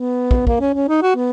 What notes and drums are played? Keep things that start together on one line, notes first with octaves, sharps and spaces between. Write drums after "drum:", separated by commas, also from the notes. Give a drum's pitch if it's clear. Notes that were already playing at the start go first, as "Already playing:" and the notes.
Already playing: B3
drum: kick
A#3, drum: kick
C#4
C#4
D#4
F#4
B3